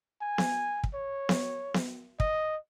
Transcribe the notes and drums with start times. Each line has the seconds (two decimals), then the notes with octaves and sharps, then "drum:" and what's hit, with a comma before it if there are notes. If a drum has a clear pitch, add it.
0.21 G#5
0.38 drum: snare B3
0.84 drum: kick
0.94 C#5
1.29 drum: snare B3
1.74 drum: snare B3
2.20 D#5, drum: kick